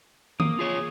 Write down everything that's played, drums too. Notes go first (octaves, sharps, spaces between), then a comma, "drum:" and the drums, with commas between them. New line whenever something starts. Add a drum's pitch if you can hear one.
A#3 D#6, drum: tom D#3
F4 G#4 C#5